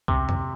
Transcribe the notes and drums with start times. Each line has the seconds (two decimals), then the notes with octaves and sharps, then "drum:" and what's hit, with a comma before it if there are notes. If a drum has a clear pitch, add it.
0.08 C3, drum: kick C2
0.29 drum: tom F2